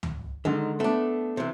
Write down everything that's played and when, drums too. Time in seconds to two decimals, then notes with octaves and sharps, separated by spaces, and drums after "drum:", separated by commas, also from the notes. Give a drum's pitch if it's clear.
0.03 drum: tom C#2
0.45 D3 D#3 G#3
0.80 A3 B3 D4
1.37 C3 E3